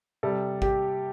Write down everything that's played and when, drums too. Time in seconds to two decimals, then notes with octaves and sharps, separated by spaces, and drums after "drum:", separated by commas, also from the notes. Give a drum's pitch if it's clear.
0.23 C3 G3 A4
0.62 G4, drum: kick